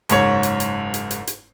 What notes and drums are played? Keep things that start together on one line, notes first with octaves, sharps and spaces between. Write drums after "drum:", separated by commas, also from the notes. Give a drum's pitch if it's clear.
F#1 G#2 C#5 C#6, drum: hi-hat
drum: hi-hat
drum: hi-hat
drum: hi-hat
drum: hi-hat
drum: hi-hat